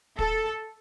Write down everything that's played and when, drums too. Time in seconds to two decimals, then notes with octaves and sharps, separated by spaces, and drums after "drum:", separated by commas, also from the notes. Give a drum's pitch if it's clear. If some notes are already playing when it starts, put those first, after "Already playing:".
0.19 A4, drum: kick